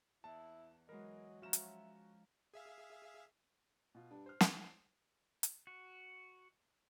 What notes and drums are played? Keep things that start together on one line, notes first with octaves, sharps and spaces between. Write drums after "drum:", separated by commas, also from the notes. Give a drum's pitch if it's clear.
E2 E4 A5
E3 F#3 G#3 A#4 D#5
F3 C#4 F#4 E5 A#5 E7
drum: hi-hat
G#4 E5 F5
B2 F4
G2 D4
C5 F6
drum: snare
drum: hi-hat
F#4